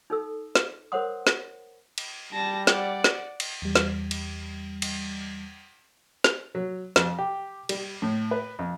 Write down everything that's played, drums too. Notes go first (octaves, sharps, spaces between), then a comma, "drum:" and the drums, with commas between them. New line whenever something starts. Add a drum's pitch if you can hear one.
D#4 A4 E6
drum: snare
A#4 C5 C#5 F#5 C6 D#6
drum: snare
drum: cymbal
G3 A5 A#6
D5 F#5, drum: snare
drum: snare
drum: cymbal
E2 G3
drum: snare
drum: cymbal
drum: cymbal
drum: snare
F#3
F2, drum: snare
G4
G3, drum: cymbal
A2
B4
F2